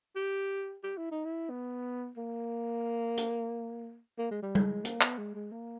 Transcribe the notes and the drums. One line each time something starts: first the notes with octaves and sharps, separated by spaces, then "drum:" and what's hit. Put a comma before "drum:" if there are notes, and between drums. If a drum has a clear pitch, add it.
G4
G4
E4
D#4
E4
B3
A#3
drum: hi-hat
A#3
G#3
G3
G#3, drum: tom G3
A#3, drum: hi-hat
B3, drum: clap
G#3
G#3
A#3